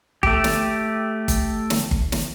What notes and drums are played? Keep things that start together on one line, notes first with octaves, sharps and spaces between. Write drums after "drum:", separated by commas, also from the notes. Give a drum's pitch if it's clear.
A3 G4, drum: kick G1
drum: snare
drum: kick G1, hi-hat
drum: snare
drum: kick G1
drum: snare